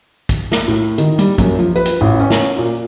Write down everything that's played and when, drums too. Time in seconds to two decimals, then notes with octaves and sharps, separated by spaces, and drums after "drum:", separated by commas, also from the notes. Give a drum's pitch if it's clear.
0.29 drum: kick, hi-hat
0.52 drum: snare
0.68 A2
0.98 D#3, drum: hi-hat
1.19 G3, drum: hi-hat
1.38 F#2, drum: kick, hi-hat
1.59 F3
1.76 B4
1.86 drum: hi-hat
2.01 A1
2.20 C#4
2.30 drum: snare
2.58 A#2